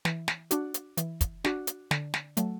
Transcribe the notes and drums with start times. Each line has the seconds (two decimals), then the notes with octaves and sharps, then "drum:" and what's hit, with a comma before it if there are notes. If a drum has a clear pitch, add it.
0.05 E3, drum: snare
0.28 drum: snare
0.51 D4 F#4, drum: hi-hat
0.74 drum: hi-hat
0.97 E3, drum: hi-hat
1.21 drum: kick, hi-hat
1.44 D4 F#4, drum: snare
1.67 drum: hi-hat
1.91 D3, drum: snare
2.14 drum: snare
2.37 F#3 A3, drum: hi-hat